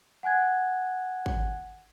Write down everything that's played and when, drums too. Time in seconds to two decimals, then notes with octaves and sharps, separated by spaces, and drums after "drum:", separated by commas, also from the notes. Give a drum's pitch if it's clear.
0.23 F#5 G#5 F#6 G#6
1.26 drum: kick